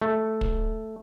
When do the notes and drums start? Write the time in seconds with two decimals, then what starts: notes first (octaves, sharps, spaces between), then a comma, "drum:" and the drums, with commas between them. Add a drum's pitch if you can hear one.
0.02 A3
0.41 drum: kick